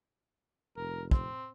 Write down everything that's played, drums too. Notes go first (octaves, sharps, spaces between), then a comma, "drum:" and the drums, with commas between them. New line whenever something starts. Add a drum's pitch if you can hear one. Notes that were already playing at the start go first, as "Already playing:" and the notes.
F1 A#4
C4, drum: kick